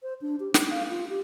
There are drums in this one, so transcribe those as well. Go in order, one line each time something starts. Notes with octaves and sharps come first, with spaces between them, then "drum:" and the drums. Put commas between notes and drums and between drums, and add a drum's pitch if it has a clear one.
C5
D4
G4
E4, drum: snare
F5
F4
G4